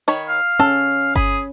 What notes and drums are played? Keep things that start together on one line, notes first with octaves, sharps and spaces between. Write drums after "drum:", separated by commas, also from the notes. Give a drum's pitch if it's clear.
D#3 C#5 B5, drum: hi-hat
F5
C#4 A4
G#4 B5, drum: kick G1